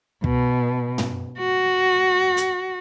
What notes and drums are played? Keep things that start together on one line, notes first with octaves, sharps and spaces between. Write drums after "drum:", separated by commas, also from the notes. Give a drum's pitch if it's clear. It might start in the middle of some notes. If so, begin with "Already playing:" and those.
B2, drum: kick
drum: tom
F#4
drum: hi-hat